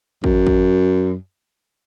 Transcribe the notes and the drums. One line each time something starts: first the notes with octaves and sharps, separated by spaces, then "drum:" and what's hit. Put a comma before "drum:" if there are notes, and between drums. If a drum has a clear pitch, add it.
F#2, drum: kick
drum: kick